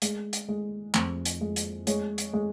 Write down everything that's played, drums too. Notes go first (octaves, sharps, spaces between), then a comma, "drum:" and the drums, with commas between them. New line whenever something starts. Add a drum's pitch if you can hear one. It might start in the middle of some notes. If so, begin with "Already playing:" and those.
G#3, drum: hi-hat
drum: hi-hat
G#3
F2, drum: clap
drum: hi-hat
G#3
drum: hi-hat
G#3 C#5, drum: hi-hat
drum: hi-hat
G#3